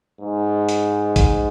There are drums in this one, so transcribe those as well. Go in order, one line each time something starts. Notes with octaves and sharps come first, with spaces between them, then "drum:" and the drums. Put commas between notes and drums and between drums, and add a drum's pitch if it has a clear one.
G#2
drum: hi-hat
drum: kick G#1, hi-hat